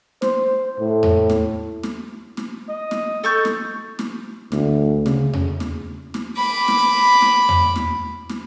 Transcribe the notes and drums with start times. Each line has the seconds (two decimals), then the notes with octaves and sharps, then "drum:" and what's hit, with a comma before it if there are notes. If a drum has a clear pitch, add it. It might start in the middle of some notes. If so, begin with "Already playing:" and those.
0.22 C5, drum: snare
0.80 A2
1.03 drum: tom E2
1.30 drum: snare
1.83 drum: snare
2.37 drum: snare
2.69 D#5
2.91 drum: snare
3.24 A4 C#6 G6
3.45 drum: snare
3.99 drum: snare
4.52 D2, drum: snare
5.06 C#3, drum: snare
5.33 drum: tom E2
5.60 drum: snare
6.14 drum: snare
6.37 B5 D6
6.68 drum: snare
7.22 drum: snare
7.49 drum: tom E2
7.76 drum: snare
8.29 drum: snare